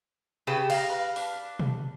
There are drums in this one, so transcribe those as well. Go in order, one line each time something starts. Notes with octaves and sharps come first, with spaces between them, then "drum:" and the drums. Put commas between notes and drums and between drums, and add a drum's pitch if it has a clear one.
C#3 G4 B4 A5
D#5 F5 A#5, drum: cymbal
B4
D4 B4, drum: open hi-hat
drum: tom B2